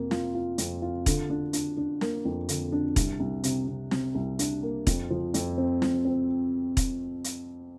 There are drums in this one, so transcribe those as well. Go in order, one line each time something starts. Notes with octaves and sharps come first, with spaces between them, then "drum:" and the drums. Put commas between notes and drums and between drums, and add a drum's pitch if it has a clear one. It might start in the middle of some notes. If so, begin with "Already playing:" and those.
Already playing: F2 C3 A#3 F4
F4, drum: snare
F4
F2, drum: hi-hat
F4
D3, drum: kick E1, hi-hat
D4
D4, drum: hi-hat
D4
A#3, drum: snare
F2
D3, drum: hi-hat
D4
C2, drum: kick E1, hi-hat
C2
C3, drum: hi-hat
C3
C3, drum: snare
C2
D4, drum: hi-hat
A#3
F2, drum: kick E1, hi-hat
F3
F2, drum: hi-hat
C4
F2, drum: snare
C4
drum: kick E1, hi-hat
drum: hi-hat